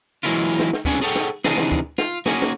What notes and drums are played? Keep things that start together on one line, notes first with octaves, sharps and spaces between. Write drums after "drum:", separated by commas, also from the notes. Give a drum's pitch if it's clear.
E3 F#3 G#3 A#3 E4 F4
drum: snare
drum: snare
C2 B3 C#4 D4 F#4 G#4, drum: kick
G#4 A4 C#5 D#5 F#5 G5
drum: snare
C3 D#3 E3 D4 D#4 G#4, drum: snare
drum: snare
drum: kick
F4, drum: snare
A#3 C#4 F#4 G#4, drum: snare
drum: snare